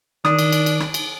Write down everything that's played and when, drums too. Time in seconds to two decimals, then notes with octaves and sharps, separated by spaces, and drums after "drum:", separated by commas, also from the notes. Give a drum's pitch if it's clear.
0.25 D#3 D4 D#6, drum: rim click
0.39 drum: cymbal
0.52 drum: cymbal
0.66 drum: cymbal
0.80 drum: rim click
0.94 drum: cymbal